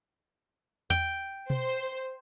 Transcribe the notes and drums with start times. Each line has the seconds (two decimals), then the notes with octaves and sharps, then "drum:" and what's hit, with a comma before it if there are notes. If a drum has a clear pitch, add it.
0.90 G5, drum: tom E2
1.50 C5, drum: tom B2